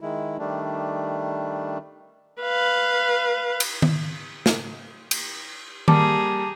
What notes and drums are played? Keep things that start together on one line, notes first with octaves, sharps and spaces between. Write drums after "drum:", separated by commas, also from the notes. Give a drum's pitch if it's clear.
D#3 G#3 E4
D#3 G3 A3 D4
B4 F5
drum: cymbal
drum: tom D#3
drum: snare
drum: cymbal
G3 A#3 G4 G#4 A5 A#5 D6, drum: tom D#3